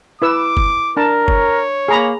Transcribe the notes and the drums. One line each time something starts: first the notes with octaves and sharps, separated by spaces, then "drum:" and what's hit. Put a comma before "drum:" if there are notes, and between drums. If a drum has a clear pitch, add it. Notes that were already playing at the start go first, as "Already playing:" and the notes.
E4 B4 D6 E6
drum: kick
D4 A#4 A5
C#5, drum: kick
A#3 G#4 A#5 B5